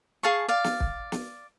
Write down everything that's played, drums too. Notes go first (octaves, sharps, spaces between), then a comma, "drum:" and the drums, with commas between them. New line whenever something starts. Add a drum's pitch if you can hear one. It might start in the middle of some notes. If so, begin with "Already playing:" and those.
G#4 F5 A5 C#6
D5 F5
drum: snare
drum: kick
drum: snare